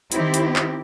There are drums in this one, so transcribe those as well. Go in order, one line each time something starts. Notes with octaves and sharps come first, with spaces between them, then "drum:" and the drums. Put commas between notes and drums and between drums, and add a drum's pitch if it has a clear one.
D#3 C4 E4 G4, drum: hi-hat
drum: hi-hat
drum: clap